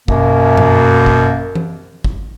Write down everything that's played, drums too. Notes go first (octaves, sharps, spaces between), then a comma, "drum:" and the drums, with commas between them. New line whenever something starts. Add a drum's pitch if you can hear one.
F#2 B2 A#3, drum: kick
drum: tom G2
drum: kick
drum: tom E3
drum: kick